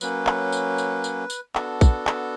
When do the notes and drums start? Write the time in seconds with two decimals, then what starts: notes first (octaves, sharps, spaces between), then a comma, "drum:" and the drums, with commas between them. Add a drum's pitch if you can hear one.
0.01 F#3 A#3 C#4 B4, drum: tambourine
0.27 drum: clap
0.52 drum: tambourine
0.78 drum: tambourine
1.04 drum: tambourine
1.30 drum: tambourine
1.55 B3 D4 F#4 A4, drum: clap
1.81 drum: kick A#1, tambourine
2.07 drum: clap